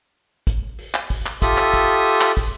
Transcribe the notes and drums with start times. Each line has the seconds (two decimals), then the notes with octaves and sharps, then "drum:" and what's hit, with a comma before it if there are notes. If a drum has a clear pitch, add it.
0.47 drum: kick, hi-hat
0.79 drum: open hi-hat
0.94 drum: clap
1.10 drum: kick, open hi-hat
1.26 drum: clap
1.42 F4 G4 A4 E5 D#6, drum: kick, hi-hat
1.58 drum: clap
1.74 drum: kick, hi-hat
2.05 drum: open hi-hat
2.21 drum: clap
2.37 drum: kick, open hi-hat